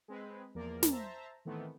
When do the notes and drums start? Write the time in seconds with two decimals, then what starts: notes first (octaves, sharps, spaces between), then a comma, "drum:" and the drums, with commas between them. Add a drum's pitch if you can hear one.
0.08 G#3 C4 B4
0.55 E2 F3 A#3 A#4 D5
0.83 drum: snare
0.92 C5 E5 A5 A#5
1.45 A2 D#3 E3 A3 B3 C4